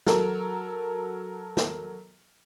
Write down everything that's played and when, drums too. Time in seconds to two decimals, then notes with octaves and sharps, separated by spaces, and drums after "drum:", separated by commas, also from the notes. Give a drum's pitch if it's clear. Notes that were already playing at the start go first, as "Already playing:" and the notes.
0.07 F#3 A4 A#4, drum: snare
1.57 drum: snare